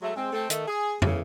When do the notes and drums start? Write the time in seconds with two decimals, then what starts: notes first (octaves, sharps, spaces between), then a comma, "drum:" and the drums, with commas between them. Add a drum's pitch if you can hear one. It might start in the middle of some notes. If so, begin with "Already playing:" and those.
0.02 F#3 G#3 A3
0.16 G#3 C4
0.33 A3 C4
0.50 D#3 A3, drum: hi-hat
0.68 G#4
1.02 E2 A2 C#3 E3, drum: tom